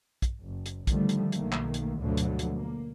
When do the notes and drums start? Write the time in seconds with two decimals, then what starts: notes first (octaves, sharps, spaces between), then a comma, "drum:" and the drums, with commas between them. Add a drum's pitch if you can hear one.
0.22 drum: kick, hi-hat
0.42 F#1
0.66 drum: hi-hat
0.87 D3 D#3 F3 G3 A3, drum: kick, hi-hat
1.09 drum: hi-hat
1.32 B1 D#3 A3 A#3, drum: hi-hat
1.52 drum: clap
1.74 drum: hi-hat
1.99 D2 G#2 B2 D3 F3 F#3
2.17 drum: hi-hat
2.39 drum: hi-hat
2.57 A#3